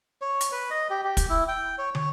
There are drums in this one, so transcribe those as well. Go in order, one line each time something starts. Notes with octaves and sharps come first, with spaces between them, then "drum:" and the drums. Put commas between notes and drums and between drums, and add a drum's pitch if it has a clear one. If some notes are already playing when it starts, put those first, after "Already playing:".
C#5
drum: hi-hat
B4
D#5
G4
G4
drum: kick, hi-hat
E4
G5
C#5
C#5, drum: tom